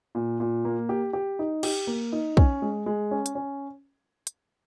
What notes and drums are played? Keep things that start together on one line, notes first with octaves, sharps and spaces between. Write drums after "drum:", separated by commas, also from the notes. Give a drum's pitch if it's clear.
A#2
A#2
A#3
G4
G4
D#4
G4, drum: cymbal
A#3
D#4
C#4, drum: kick
G#3
G#3
C#4
drum: hi-hat
C#4
drum: hi-hat